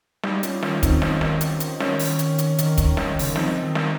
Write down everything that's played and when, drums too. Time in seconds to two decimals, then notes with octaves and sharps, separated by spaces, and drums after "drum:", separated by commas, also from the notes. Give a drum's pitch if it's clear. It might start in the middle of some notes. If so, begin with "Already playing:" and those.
0.23 G3 D#4 G4, drum: snare
0.43 C#4 F4, drum: hi-hat
0.63 D#3 C#4, drum: snare
0.83 C4 D#4, drum: kick, hi-hat
1.02 C4 D#4, drum: snare
1.21 drum: snare
1.41 drum: hi-hat
1.60 drum: hi-hat
1.80 C#4, drum: snare
1.99 drum: open hi-hat
2.19 drum: hi-hat
2.38 drum: hi-hat
2.58 D#3, drum: hi-hat
2.78 drum: kick, hi-hat
2.97 drum: snare
3.19 C#3, drum: open hi-hat
3.28 D#3
3.36 F3 C4 D#4, drum: snare
3.62 D#3
3.75 drum: snare